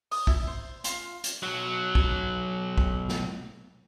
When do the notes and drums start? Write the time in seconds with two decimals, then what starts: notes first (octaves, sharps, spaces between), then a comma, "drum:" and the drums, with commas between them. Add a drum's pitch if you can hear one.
0.11 D#6, drum: open hi-hat
0.27 E4, drum: kick
0.47 C5
0.84 F4, drum: hi-hat
1.24 drum: hi-hat
1.43 B1 F#3
1.95 drum: kick
2.78 drum: kick
3.09 drum: snare